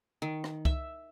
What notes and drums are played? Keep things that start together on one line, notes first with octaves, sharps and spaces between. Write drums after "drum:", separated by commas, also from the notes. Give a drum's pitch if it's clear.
D#3
drum: rim click
E5, drum: kick C2